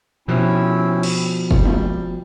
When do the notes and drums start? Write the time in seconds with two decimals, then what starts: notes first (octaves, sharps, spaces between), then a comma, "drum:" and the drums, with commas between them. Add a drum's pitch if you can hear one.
0.28 B2 F3 C4 C#4 E4
1.03 drum: cymbal
1.51 G3, drum: kick F#1
1.66 drum: tom G3